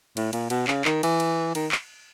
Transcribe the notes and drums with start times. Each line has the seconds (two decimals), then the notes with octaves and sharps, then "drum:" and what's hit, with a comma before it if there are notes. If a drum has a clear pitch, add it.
0.17 A2, drum: cymbal
0.33 A#2, drum: cymbal
0.50 B2, drum: cymbal
0.67 C#3, drum: clap
0.85 D#3, drum: clap
1.03 E3, drum: cymbal
1.20 drum: cymbal
1.55 D#3, drum: cymbal
1.72 drum: clap